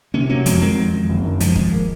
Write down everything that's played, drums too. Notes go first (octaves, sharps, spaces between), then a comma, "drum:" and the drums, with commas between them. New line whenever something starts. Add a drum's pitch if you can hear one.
C3 A#3 C#4
F#3 A#3 C#4
F2 G#3 C4, drum: hi-hat
D#3 G#3 C4
F2
F2
F#1
D#3
G#2 F3 G#3, drum: hi-hat
G#2, drum: kick D#1
A#3